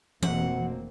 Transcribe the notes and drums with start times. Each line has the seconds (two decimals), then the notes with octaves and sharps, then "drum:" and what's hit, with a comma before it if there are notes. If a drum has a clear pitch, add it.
0.23 F1 B2 A#3 C4 F#5, drum: tom E3